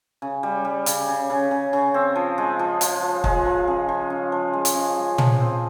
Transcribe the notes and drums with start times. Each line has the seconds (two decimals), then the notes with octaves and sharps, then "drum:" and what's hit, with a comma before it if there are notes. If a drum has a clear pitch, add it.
0.22 C#3
0.43 G3
0.65 G3
0.86 C#3, drum: hi-hat
1.08 C#3
1.30 C#3
1.51 C#3
1.73 C#3
1.94 C4
2.16 F3
2.38 G#3
2.59 F3
2.81 F3, drum: hi-hat
3.03 F3
3.24 G#3, drum: kick
3.45 F3
3.67 C#3
3.89 F3
4.10 C#4
4.32 F3
4.53 G#3
4.65 drum: hi-hat
4.75 C#3
4.97 G#3
5.18 F3, drum: tom
5.40 C4